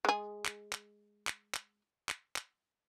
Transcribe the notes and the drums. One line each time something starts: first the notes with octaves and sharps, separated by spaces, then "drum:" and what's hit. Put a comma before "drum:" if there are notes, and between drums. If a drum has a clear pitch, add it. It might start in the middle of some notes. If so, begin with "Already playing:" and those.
G#3 G#4
drum: clap
drum: clap
drum: clap
drum: clap
drum: clap
drum: clap